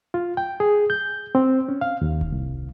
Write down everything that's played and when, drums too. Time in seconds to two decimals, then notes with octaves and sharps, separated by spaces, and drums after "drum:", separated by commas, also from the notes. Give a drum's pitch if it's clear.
0.14 F4
0.37 G5
0.60 G#4
0.90 G6
1.35 C4
1.69 C#4
1.81 F5
2.01 D#2
2.21 drum: kick E1
2.32 C2